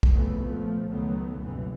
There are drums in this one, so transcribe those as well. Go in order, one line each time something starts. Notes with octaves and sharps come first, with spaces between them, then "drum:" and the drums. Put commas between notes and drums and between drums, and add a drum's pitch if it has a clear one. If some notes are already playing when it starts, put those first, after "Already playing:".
drum: kick B1
C2 F2 C#3 E3 A3 B3
A#2 F3 A3
C#2 D#3 F#3 A3 B3
F#1 C2 B2 E3